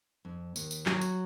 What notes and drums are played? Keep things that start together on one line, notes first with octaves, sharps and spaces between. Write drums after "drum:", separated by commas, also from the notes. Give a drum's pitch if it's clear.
F2
D#2, drum: tambourine
drum: tambourine
F#3, drum: clap
drum: tambourine